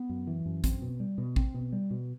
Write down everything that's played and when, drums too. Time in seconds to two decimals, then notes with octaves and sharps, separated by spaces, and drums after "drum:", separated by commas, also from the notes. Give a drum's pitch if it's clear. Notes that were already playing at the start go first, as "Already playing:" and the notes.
Already playing: B3
0.09 F#2
0.27 E3
0.46 F#2
0.64 C4, drum: kick, hi-hat
0.82 B2
1.00 G3
1.18 B2
1.36 C4, drum: kick
1.54 B2
1.73 G3
1.91 B2